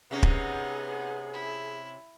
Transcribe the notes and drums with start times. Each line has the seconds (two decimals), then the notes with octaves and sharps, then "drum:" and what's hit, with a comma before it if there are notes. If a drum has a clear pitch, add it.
0.11 C3 B3 C#4 D#4 G#4 F#5
0.23 drum: kick
1.33 E4